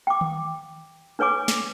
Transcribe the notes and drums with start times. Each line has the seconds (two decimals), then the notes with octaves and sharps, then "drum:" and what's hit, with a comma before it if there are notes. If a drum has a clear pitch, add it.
0.07 G5 D6
0.21 drum: tom D#3
1.19 D4 B4 C#5 G#5 D6
1.48 drum: snare